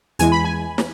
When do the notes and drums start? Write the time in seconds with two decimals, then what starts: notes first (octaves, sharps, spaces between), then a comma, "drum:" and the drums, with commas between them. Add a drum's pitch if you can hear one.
0.19 E2 E3 G#3 G#5, drum: hi-hat
0.32 B5
0.45 G#5
0.78 drum: snare